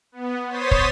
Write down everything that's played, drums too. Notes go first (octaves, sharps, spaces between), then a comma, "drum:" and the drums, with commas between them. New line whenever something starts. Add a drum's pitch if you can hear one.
B3
C5 C#5 C6 D#6 A6 B6
drum: kick